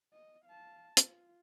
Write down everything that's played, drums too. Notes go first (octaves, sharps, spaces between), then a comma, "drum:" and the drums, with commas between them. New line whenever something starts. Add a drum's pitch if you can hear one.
D#5
F5 A5
F4, drum: hi-hat